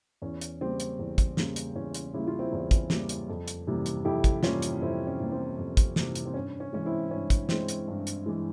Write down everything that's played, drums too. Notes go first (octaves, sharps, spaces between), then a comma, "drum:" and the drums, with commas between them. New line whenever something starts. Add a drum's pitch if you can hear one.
E2 C#4
drum: hi-hat
C#3 G3 A#3 C4
drum: hi-hat
E2
drum: kick, hi-hat
C#3 G3 A#3, drum: snare
drum: hi-hat
E2 C#4
drum: hi-hat
C#3 G3 A#3 E4
F4
C4 E4
E2
drum: kick, hi-hat
C#3 G3 A#3, drum: snare
drum: hi-hat
F2
drum: hi-hat
C3 E3 G3 A#3
drum: hi-hat
F2 E4 G4
drum: kick, hi-hat
C3 E3 G3 A#3 C#4 F4, drum: snare
drum: hi-hat
F2 C4 E4
C#4
C3 E3 G3 A#3
C4
F2
drum: kick, hi-hat
C3 E3 G3 A#3, drum: snare
drum: hi-hat
C4
G2 C#4
C#4
E3 G#3 C#4
C4 E4
G2 C#4
drum: kick, hi-hat
E3 G#3 C4, drum: snare
drum: hi-hat
G2
drum: hi-hat
E3 G#3